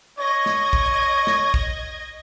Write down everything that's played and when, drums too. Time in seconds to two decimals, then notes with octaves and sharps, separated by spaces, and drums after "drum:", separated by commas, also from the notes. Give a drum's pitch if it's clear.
0.19 C#5 D#5 G#6 A#6
0.46 drum: snare
0.73 drum: kick
1.27 drum: snare
1.54 drum: kick